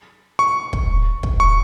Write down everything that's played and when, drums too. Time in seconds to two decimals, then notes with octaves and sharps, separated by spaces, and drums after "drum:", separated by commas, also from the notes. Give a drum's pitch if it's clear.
0.39 C#6
0.73 drum: kick
1.23 drum: kick
1.40 C#6